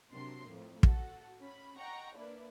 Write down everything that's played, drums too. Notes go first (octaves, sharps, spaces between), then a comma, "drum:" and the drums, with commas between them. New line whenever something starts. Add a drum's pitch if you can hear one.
C3 F#3 D4 A#4 C6 C7
F2 A2 F3
F#4 A4 F#5, drum: kick
C#4 B5
D#5 F#5 G5 A#5 C#6
A#3 D4 E4 B4 D5